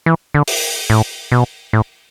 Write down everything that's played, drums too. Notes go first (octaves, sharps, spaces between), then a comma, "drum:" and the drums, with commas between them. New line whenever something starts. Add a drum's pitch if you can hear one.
E3
D3
drum: open hi-hat
A2
B2
A2